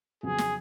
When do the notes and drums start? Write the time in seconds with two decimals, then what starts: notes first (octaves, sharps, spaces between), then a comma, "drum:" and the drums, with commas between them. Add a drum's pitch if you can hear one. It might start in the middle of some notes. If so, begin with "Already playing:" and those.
0.23 F2 C#3 F#3 B3 F#4 G#4
0.38 drum: snare